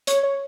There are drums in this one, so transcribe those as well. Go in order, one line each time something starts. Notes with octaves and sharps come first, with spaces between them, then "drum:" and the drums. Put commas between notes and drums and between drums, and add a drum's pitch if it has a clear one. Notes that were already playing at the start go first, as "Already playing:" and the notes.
C#5, drum: hi-hat
C#5